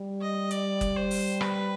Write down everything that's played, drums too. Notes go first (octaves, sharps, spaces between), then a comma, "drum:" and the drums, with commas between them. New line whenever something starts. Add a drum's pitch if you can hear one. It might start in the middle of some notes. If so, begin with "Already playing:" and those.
Already playing: G3
D#5
D5, drum: hi-hat
drum: kick F#1, hi-hat
C5
drum: open hi-hat
B4, drum: rim click